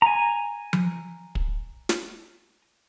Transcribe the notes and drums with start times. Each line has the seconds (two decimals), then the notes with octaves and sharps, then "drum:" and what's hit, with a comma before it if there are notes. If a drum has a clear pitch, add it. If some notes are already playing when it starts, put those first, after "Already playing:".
0.02 G#5 A#5
0.73 drum: tom F3
1.35 drum: kick
1.89 drum: snare